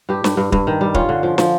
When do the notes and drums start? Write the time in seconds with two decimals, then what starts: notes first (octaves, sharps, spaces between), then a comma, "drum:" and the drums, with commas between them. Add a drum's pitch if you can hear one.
0.09 G2 G4
0.24 G2, drum: snare
0.37 G2
0.52 G2, drum: kick
0.67 D#3
0.81 G3
0.94 C#4 F4, drum: kick
1.09 D3
1.23 F3
1.38 F3, drum: snare